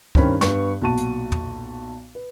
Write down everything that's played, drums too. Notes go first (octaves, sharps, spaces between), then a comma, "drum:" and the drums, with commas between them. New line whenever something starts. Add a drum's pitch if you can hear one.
G2 D#3 C4 C#4 A#4 B5, drum: kick C#2
G2 B3 C#6, drum: snare
B1 A#2 F#4 A5 C#6 D#7
drum: hi-hat
drum: tom
B4